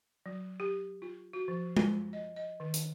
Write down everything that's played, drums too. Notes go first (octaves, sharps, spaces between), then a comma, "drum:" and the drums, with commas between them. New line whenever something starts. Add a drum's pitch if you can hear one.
F#3
G4
F4
F#4
F3
F4, drum: tom G#3
D#5
D#5
D#3
drum: hi-hat